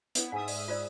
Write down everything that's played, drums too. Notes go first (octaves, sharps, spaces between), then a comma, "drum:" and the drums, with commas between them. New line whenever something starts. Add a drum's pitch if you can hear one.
B3 E4, drum: hi-hat
G#2 E5 F#5 G#5 D#6
D5, drum: open hi-hat
F4 C5 D5